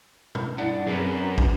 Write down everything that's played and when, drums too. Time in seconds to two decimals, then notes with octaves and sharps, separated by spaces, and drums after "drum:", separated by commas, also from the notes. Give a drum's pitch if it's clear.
0.35 drum: tom B2
0.58 G2 D4 E4 F#5
0.87 F#2 C4 G#4 A#4 B4
1.38 C#4, drum: kick